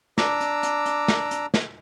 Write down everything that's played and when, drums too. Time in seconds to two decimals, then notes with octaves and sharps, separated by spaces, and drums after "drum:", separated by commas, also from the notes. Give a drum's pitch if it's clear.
0.18 D4 A#5 D6 E6, drum: snare
0.40 drum: hi-hat
0.63 drum: hi-hat
0.86 drum: hi-hat
1.08 drum: snare
1.31 drum: hi-hat
1.54 drum: snare